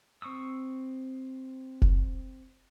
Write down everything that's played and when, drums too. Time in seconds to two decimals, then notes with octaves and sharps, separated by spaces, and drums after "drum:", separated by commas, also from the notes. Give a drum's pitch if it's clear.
0.22 C4 C#6 D#6 E6
1.82 drum: kick F1